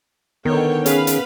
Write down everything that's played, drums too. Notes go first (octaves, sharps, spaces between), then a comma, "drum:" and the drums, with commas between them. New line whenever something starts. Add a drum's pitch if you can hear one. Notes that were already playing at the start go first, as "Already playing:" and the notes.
D3 D#3 B3 A#4 C#5 G5
C#4 G#4 B4 F5 B5, drum: hi-hat
drum: hi-hat